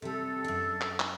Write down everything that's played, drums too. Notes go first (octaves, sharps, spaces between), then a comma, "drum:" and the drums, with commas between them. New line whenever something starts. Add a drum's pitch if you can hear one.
C3 G3 A4
F#2 D4
drum: clap
drum: clap